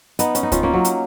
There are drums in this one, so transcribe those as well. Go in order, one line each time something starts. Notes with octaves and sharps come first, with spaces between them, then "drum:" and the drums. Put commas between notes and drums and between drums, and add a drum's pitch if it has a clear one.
B3 D#4, drum: hi-hat
C#4, drum: hi-hat
D#4
C#4 F4, drum: kick C#2, hi-hat
A#3 C#4
F#3
drum: hi-hat